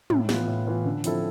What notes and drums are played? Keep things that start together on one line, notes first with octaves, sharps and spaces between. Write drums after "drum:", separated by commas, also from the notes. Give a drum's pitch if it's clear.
A2, drum: tom
E3 B3 F4, drum: snare
A2
E3 B3 F4
D3
F3 C4 E4 A4, drum: hi-hat